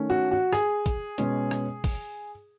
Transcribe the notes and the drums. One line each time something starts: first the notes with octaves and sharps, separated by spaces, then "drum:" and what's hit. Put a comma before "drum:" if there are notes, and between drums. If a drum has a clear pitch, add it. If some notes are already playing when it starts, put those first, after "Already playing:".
Already playing: D#3 A3 C#4
F#4
F#4
G#4, drum: rim click
drum: kick, hi-hat
B2 G#3 C#4, drum: hi-hat
drum: rim click
drum: kick, open hi-hat